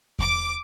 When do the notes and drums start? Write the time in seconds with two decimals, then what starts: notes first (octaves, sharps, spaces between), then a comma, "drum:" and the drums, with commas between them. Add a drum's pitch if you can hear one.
0.19 D6, drum: kick E2